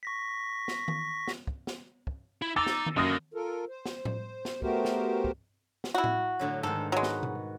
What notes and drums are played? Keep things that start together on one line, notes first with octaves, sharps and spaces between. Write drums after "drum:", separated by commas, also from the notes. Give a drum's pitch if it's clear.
C#6 A#6 B6
drum: snare
drum: tom D#3
drum: snare
drum: kick
drum: snare
drum: kick
E4
D#4 A#5 D6 E6 A6
drum: snare
drum: tom D#3
F#2 D3 A#3 D#6 A#6
F4 A4 A#4
C5
drum: snare
drum: tom A2
drum: snare
A3 B3 F#4 G4 A#4 C5, drum: kick
drum: snare
drum: kick
drum: snare
E4 F#4
drum: tom A2
A2 D3 F#3
G#2 D#3 A4
F#3 G#3 F#4 B4
drum: snare
drum: tom B2